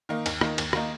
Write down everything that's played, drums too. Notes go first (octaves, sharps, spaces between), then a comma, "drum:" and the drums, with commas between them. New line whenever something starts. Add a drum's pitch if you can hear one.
D#3 A#3 D#4
D#2, drum: cymbal
D#3 A#3 D#4, drum: rim click
D#2, drum: cymbal
D#3 A#3 D#4, drum: rim click